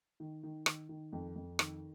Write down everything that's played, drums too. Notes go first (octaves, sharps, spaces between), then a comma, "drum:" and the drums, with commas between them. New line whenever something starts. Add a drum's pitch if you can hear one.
D#3
D#3
D#3, drum: rim click
D#3
F2
F2
D#3, drum: rim click